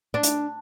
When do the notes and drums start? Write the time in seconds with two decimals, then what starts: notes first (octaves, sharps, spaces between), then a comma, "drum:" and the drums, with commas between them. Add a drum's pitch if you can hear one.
0.14 D4
0.23 drum: hi-hat